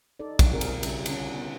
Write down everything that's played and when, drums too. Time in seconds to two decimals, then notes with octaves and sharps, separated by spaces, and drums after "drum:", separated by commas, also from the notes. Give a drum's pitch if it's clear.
0.20 D#4 A4 D5
0.39 drum: kick, cymbal
0.50 B2 G3 C4 F#4 G#4 A#4
0.61 drum: cymbal
0.83 C#3 G3 C#4 E5, drum: cymbal
1.06 D3 C#4, drum: cymbal
1.35 B3